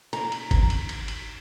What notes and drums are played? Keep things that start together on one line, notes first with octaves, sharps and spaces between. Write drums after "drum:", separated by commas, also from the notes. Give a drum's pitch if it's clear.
A#5, drum: cymbal
drum: cymbal
drum: kick G1, cymbal
drum: cymbal
drum: cymbal
drum: cymbal